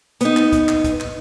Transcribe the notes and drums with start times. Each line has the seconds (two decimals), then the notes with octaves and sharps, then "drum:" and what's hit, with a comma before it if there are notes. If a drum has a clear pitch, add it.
0.21 B3 D#4, drum: hi-hat
0.37 drum: clap
0.52 drum: kick, hi-hat
0.68 drum: clap
0.84 drum: kick, hi-hat
1.00 drum: clap